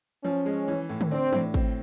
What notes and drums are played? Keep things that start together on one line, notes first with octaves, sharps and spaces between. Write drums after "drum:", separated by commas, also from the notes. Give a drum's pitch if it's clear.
F3 C#4
G#3
E3
A2
drum: tom D3
C4 D4
A2, drum: tom E3
C4, drum: kick